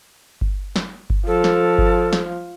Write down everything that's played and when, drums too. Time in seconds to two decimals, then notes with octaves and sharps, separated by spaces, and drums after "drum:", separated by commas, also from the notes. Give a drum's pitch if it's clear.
0.41 drum: kick G1
0.76 drum: snare
1.10 drum: kick G1
1.27 F3 A4
1.44 drum: snare
1.78 drum: kick G1
2.13 drum: snare